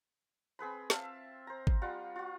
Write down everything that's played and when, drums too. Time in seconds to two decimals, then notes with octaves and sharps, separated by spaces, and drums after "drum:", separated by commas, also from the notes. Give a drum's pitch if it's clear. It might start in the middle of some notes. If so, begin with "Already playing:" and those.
0.59 C4 G#4 B4 B5
0.90 C4 E5 F5 A5, drum: snare
1.47 C5 A#5
1.67 drum: kick G#1
1.82 G3 F4 F#5
2.16 F4 F#4